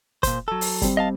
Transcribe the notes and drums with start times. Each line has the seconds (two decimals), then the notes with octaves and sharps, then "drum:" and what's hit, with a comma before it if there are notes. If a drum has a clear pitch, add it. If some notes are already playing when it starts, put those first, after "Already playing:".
0.23 A#2 C5, drum: kick, hi-hat
0.48 F#3 A4
0.61 drum: open hi-hat
0.82 G3 C4, drum: kick, hi-hat
0.97 D#5 F5 A5